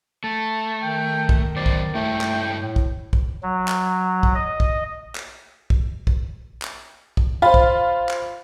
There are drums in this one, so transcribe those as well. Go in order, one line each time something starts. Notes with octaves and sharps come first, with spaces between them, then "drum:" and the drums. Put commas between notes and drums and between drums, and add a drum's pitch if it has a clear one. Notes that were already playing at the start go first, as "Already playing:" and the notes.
A3 A5
D#3 G5
drum: kick
F#2 B3 C5 D5
drum: kick
G2 A3 E4 A4 G5
drum: clap
A2
drum: kick
drum: kick
F#3
drum: clap
drum: kick
D#5
drum: kick
drum: clap
drum: kick
drum: kick
drum: clap
drum: kick
F4 C5 B5
drum: kick
drum: clap